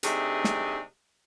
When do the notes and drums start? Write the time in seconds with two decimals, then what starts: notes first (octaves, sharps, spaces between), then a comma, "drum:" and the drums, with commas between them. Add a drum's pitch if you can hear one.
0.03 C3 A3 D4 D#4 G#4, drum: hi-hat
0.44 drum: snare